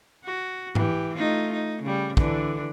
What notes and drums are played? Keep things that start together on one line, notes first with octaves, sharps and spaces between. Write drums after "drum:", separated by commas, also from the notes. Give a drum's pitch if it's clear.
F#4
E3 G4, drum: tom G#2
A3 D#4 F4
D#4
C#3 G3
D3 E3 D4, drum: kick